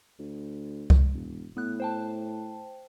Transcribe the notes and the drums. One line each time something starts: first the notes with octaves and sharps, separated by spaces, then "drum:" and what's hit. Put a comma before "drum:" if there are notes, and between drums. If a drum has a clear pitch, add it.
D2
drum: kick C2
E1
A2 B3 F#6
C5 G5 A5